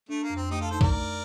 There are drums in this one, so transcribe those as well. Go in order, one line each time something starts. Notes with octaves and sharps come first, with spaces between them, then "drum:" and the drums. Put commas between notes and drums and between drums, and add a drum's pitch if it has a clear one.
A3 D4
A#3
F2
C4
A3 D#4 G4
F4 A4
D#4 A4 C5
A#4 D5, drum: kick
A3